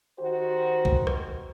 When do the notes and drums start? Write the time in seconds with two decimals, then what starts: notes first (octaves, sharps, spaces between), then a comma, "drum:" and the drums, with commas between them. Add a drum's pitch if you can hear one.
0.20 D#3 F#4 G4 C5
0.85 drum: kick C2
1.07 drum: rim click